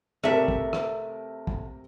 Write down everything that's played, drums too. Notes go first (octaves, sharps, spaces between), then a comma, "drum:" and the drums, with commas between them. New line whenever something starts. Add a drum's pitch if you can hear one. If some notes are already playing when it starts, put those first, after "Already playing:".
C3 A3 G4 A#4 E5
drum: kick
drum: rim click
drum: kick